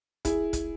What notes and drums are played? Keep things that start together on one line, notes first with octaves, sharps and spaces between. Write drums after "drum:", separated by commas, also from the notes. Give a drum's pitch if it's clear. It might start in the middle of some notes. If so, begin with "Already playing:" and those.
E4 G#4, drum: kick, hi-hat
drum: kick, hi-hat